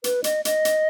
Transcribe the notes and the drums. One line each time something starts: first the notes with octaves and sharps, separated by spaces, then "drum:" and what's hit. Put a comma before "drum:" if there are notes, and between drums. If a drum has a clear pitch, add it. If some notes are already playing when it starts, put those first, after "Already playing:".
B4, drum: hi-hat
D#5, drum: hi-hat
D#5, drum: hi-hat
drum: hi-hat